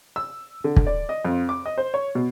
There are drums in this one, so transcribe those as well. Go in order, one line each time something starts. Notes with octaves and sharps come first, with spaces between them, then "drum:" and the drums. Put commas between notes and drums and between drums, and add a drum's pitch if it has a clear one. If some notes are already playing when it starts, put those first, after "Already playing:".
E6
D3
drum: kick
D5
D#5
F2
D6
D#5
C5
C#5
B2